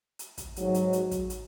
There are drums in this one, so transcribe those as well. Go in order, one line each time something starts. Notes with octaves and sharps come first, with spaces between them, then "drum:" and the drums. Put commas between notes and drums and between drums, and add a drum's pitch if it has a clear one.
drum: hi-hat
drum: kick, hi-hat
G#2 F#3, drum: hi-hat
drum: hi-hat
drum: hi-hat
drum: kick, hi-hat
drum: hi-hat